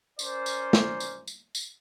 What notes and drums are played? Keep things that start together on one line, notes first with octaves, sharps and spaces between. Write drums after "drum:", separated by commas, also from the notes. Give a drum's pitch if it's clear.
C#4 A#4 C5 D5, drum: tambourine
drum: tambourine
drum: snare
drum: tambourine
drum: tambourine
drum: tambourine